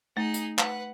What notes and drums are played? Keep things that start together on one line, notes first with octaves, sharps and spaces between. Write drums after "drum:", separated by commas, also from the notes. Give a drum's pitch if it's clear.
A3 D#4 G#4
drum: hi-hat
B4 F#5, drum: clap